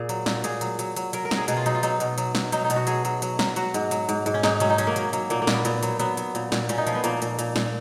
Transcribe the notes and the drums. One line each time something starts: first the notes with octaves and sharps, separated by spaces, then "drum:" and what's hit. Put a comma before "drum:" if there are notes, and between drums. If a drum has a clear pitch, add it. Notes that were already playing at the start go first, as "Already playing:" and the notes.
Already playing: A#2 G#4
F#3, drum: hi-hat
A#2, drum: snare
A#2 G#4, drum: hi-hat
F#3, drum: hi-hat
F#3, drum: hi-hat
F#3, drum: hi-hat
F#3 A#4, drum: hi-hat
A#4
F#3, drum: snare
G#4
B2 G#4, drum: hi-hat
F4
F#3 D#4, drum: hi-hat
F4
F#3 D#4, drum: hi-hat
B2, drum: hi-hat
F#3, drum: hi-hat
F#3, drum: snare
F#3 D#4, drum: hi-hat
D#4
B2, drum: hi-hat
F#4
F#3 G#4, drum: hi-hat
F#3, drum: hi-hat
F#3, drum: hi-hat
F#3, drum: snare
F#3 F#4, drum: hi-hat
G#2, drum: hi-hat
F#3, drum: hi-hat
G#2, drum: hi-hat
G#2, drum: hi-hat
C#4
G#2 D#4, drum: snare
F#3 C#4, drum: hi-hat
D#4
F#3 C#4, drum: hi-hat
A#3
F#3, drum: hi-hat
F#3, drum: hi-hat
A#2 A#3, drum: hi-hat
A#3
A#2, drum: snare
B3
A#2 B3, drum: hi-hat
F#3, drum: hi-hat
F#3 B3, drum: hi-hat
F#3, drum: hi-hat
A#2, drum: hi-hat
A#2, drum: snare
A#2 C#4, drum: hi-hat
D#4
F3 C#4, drum: hi-hat
B3
A#2 A#3, drum: hi-hat
A#2, drum: hi-hat
A#2, drum: hi-hat
A#2, drum: snare